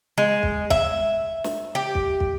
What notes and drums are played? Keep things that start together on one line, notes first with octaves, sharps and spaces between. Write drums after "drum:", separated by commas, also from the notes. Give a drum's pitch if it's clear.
G#3
drum: kick
E5, drum: kick
drum: snare
G4
drum: kick
drum: kick